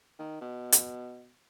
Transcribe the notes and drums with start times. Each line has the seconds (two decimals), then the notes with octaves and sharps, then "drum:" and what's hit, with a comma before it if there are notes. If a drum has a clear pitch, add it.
0.19 D#3
0.41 B2
0.72 drum: hi-hat